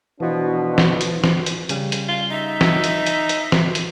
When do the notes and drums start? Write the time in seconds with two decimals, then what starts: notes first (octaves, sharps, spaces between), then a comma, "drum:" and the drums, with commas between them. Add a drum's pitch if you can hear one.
0.20 B2 E3 F3 D4
0.78 drum: snare
1.01 drum: hi-hat
1.24 drum: snare
1.46 drum: hi-hat
1.69 C#3 G3, drum: hi-hat
1.92 drum: hi-hat
2.08 F4
2.31 D#4 E5
2.61 drum: snare
2.84 drum: hi-hat
3.07 drum: hi-hat
3.29 drum: hi-hat
3.52 drum: snare
3.75 drum: hi-hat